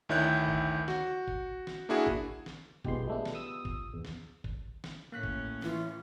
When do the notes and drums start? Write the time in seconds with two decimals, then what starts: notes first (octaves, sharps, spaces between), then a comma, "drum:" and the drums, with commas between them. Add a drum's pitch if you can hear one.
0.09 D2 D#3 E4 C#5 F#6 G6
0.48 drum: kick
0.88 F#4, drum: snare
1.28 drum: kick
1.67 drum: snare
1.89 A#3 D4 E4 F#4 G#4
2.07 drum: kick
2.46 drum: snare
2.84 B1 G#3 B3 F4 G4 C6, drum: kick
3.07 G#3 A3 D4
3.25 drum: snare
3.35 D#6 E6
3.65 drum: kick
3.93 E2
4.05 drum: snare
4.44 drum: kick
4.84 drum: snare
5.12 A2 A#3 C#4 F#6 B6
5.23 drum: kick
5.62 E3 F4, drum: snare